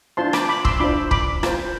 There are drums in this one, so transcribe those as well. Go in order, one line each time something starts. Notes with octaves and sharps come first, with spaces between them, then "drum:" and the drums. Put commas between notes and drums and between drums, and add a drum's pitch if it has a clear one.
D4 F4 C5 A5 C6
B5 D6, drum: rim click
B5 D6
C6 E6, drum: kick
D4 F4 C5 B5 D6
B5 D6, drum: kick
F4 C5, drum: rim click